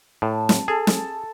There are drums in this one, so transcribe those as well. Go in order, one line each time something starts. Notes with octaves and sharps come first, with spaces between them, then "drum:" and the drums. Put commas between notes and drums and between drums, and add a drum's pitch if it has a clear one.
A2 A5
drum: snare
G#4 A4
drum: snare